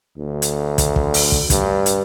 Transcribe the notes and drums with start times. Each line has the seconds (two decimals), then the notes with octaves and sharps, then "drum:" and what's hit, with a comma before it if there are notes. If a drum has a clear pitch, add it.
0.18 D2
0.42 drum: hi-hat
0.78 drum: kick, hi-hat
0.96 drum: kick
1.14 drum: open hi-hat
1.32 drum: kick
1.50 G2, drum: kick, hi-hat
1.86 drum: hi-hat